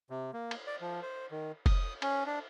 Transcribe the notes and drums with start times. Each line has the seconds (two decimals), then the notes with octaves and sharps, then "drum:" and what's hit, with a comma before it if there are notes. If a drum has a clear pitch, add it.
0.10 C3
0.33 A#3
0.51 drum: cymbal
0.67 D5
0.81 F3
1.03 C5
1.31 D#3
1.66 D#6, drum: kick, cymbal
2.02 C#4, drum: cymbal
2.26 D4